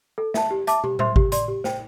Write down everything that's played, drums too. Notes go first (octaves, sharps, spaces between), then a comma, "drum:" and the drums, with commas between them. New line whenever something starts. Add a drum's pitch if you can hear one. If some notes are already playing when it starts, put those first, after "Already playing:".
A4
E5 A5, drum: snare
G4
E5 A5 D6, drum: hi-hat
G4, drum: tom
C5 E5 C6, drum: tom A2
G4, drum: kick G#1
D5 C6, drum: hi-hat
G4
C5 G5, drum: snare